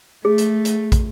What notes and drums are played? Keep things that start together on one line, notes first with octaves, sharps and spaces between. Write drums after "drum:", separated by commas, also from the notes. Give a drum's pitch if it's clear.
A3 G#4
drum: hi-hat
drum: hi-hat
drum: kick, hi-hat